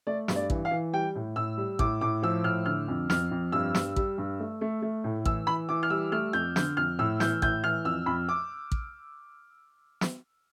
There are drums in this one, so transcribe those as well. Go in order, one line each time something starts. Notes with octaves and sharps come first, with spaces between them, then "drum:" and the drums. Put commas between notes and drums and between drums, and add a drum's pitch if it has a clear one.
A3 D5
G2, drum: snare
D5
E3, drum: kick A1
F5
E3
G3 G5
A2
A2 E6
G3
A2 D6, drum: kick A1
A2 D6
F3 E6
A2 F6
D3 F6
F2
F2 F6, drum: snare
F2
G2 E6
G2, drum: snare
G3, drum: kick A1
G2
A3
A3
A3
A2
E3 E6, drum: kick A1
E3 B5
E3 D6
F6
G3 E6
A3 F6
F2 G6
D3 G6, drum: snare
F2 F6
A2 E6
E3 G6, drum: snare
A2 G6, drum: kick A1
E3 F6
F2 E6
F2 B5
D6
drum: kick A1
drum: snare